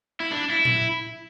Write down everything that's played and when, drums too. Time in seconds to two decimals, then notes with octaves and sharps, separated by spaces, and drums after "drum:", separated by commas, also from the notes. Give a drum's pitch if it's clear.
0.20 E4
0.32 D4
0.50 E4
0.65 drum: tom A#2